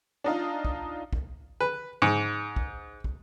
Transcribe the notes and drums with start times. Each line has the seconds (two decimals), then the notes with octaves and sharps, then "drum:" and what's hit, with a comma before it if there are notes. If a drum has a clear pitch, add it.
0.24 D4 D#4 F4
0.65 drum: kick
1.13 drum: kick
1.60 B4
2.02 G#2
2.56 drum: kick
3.04 drum: kick